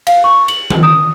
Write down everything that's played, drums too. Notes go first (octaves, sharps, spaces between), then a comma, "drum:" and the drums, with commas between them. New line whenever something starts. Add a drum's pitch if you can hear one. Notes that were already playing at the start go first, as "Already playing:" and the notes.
F5, drum: cymbal
C#6
F#7, drum: cymbal
drum: tom D#3
D#6